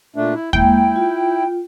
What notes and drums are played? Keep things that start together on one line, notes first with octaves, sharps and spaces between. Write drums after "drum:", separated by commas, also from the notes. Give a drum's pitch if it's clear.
A#2 A3 D4
E4
G#3 A#3 E4 G5, drum: kick D#2
F4